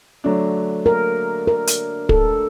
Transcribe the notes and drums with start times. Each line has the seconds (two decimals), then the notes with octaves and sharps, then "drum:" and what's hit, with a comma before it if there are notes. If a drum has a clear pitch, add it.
0.24 D3 F#3 A3 D4
0.86 A#4
1.47 A#4
1.67 drum: hi-hat
2.09 A4, drum: kick